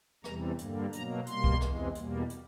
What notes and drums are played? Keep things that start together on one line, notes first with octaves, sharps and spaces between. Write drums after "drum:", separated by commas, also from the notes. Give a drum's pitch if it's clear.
E2 C3 E3 G3 A#5, drum: rim click
G2 D3 G3 A#3, drum: hi-hat
B2 F#3 A#3 A#5, drum: hi-hat
B2 G3 A#3 C6, drum: hi-hat
drum: kick C2
E2 C3 E3 G#3, drum: rim click
E2 B2 G3 A#3, drum: hi-hat
drum: hi-hat